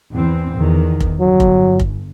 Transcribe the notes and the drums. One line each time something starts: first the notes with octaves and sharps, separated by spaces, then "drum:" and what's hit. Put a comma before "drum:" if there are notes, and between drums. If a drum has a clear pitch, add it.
E2 E3 C4
E2 D#3
drum: kick F1
G1 F#3
drum: kick F1
drum: kick F1